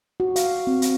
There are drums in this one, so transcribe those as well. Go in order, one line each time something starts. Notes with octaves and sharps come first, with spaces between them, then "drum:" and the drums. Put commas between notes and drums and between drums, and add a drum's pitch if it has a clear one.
F#4
F5, drum: hi-hat
C4
drum: hi-hat